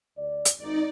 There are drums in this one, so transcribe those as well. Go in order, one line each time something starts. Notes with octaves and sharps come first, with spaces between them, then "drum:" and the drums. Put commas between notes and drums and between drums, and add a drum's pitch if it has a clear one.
D2 D5
drum: hi-hat
G#1 D#4 D5